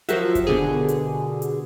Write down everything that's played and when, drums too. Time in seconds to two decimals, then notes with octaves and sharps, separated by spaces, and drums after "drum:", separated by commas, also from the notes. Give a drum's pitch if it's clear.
0.09 F3 F#3 F#4 G4 A#4 E5, drum: hi-hat
0.35 drum: kick F#1, hi-hat
0.47 B2 D3 G#4
0.88 drum: hi-hat
1.42 drum: hi-hat